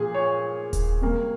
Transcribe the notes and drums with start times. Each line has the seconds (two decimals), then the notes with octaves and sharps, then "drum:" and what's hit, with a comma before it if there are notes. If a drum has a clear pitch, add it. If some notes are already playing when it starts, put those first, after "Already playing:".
Already playing: A#2 F3 G#4
0.15 C#5
0.73 drum: kick D#1, hi-hat
1.01 C3 G3 A#3